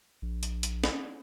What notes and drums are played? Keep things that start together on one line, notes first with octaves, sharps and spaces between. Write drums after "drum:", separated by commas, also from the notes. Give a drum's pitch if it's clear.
A#1
drum: hi-hat
drum: hi-hat
drum: snare